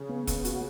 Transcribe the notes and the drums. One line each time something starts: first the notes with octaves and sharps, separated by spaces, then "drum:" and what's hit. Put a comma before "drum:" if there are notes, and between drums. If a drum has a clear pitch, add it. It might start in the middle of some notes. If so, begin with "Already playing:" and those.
Already playing: C#3
B3
B3, drum: kick E1, hi-hat
F#4, drum: hi-hat